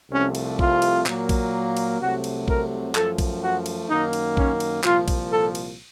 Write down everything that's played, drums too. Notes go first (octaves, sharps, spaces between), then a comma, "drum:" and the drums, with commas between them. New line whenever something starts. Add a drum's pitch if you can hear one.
C2 C3 F3 A3 C#4
drum: cymbal
F4, drum: kick A#1
drum: cymbal
A#2 F#3 A#3, drum: clap
drum: kick A#1, cymbal
drum: cymbal
C2 C3 F#3 A3 F#4
drum: cymbal
A#4, drum: kick A#1
F#2 F3 A3 A4, drum: clap
drum: kick A#1, cymbal
F#4
drum: cymbal
F#2 D#3 A#3 D#4
drum: cymbal
C#4, drum: kick A#1
drum: cymbal
C2 A#2 F3 F4, drum: clap
drum: kick A#1, cymbal
A4
drum: cymbal